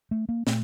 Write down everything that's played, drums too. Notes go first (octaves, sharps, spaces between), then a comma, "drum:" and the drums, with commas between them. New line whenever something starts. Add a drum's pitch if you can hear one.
A3
A#3
A#2 A3, drum: snare